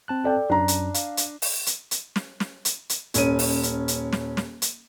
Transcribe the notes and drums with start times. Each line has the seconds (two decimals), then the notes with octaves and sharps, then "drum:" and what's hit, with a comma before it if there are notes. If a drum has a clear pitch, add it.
0.08 C4 A5 F#6
0.24 A4 D5 G5
0.50 F#2 D4 A#5
0.68 drum: hi-hat
0.94 F5, drum: hi-hat
1.17 drum: hi-hat
1.42 drum: open hi-hat
1.66 drum: hi-hat
1.91 drum: hi-hat
2.16 drum: snare
2.40 drum: snare
2.65 drum: hi-hat
2.89 drum: hi-hat
3.14 D#1 C#4 D#7, drum: hi-hat
3.39 drum: open hi-hat
3.63 drum: hi-hat
3.88 drum: hi-hat
4.13 drum: snare
4.37 drum: snare
4.62 drum: hi-hat